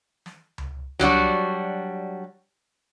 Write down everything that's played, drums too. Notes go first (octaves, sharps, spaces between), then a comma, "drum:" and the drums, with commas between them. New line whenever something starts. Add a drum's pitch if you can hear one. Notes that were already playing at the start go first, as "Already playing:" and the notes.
drum: snare
drum: tom C#2
F#3 G3 D4 F#4, drum: tom C#2